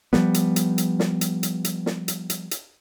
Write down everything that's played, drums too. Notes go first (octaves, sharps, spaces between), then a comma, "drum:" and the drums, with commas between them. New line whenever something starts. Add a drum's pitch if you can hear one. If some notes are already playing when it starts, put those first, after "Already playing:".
F3 G3 B3, drum: snare
drum: hi-hat
drum: hi-hat
drum: hi-hat
drum: snare
drum: hi-hat
drum: hi-hat
drum: hi-hat
drum: snare
drum: hi-hat
drum: hi-hat
drum: hi-hat